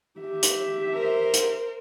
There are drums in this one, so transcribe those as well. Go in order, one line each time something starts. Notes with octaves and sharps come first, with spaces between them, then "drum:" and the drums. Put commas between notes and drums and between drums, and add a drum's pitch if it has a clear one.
G4 E5
drum: hi-hat
A#4 C5
drum: hi-hat